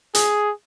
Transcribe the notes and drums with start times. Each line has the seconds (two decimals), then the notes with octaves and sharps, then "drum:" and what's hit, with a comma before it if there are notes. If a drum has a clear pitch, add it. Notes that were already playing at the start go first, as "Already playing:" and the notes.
0.15 G#4, drum: hi-hat